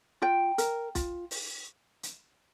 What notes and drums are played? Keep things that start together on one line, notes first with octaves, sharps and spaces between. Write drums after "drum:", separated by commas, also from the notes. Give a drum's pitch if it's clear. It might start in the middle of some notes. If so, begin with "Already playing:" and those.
F4 G5
A#4, drum: hi-hat
F4, drum: kick B1, hi-hat
drum: open hi-hat
drum: hi-hat